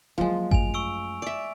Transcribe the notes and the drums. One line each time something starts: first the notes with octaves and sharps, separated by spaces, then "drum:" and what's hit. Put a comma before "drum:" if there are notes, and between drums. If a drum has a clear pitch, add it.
F3 F#3 G#3 A#3
F#2 A3 G#5 F7, drum: kick G#1
C#6 E6 D7
D5 E5 D7